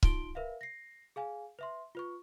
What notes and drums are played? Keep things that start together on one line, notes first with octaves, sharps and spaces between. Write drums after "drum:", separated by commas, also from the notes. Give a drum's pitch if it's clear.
D#4 F4 C6 D7 G7, drum: kick C#1
A#4 B4 E5 F5
A#6 C7
G#4 F5 G#5
B4 E5 C6
F4 B4 C#6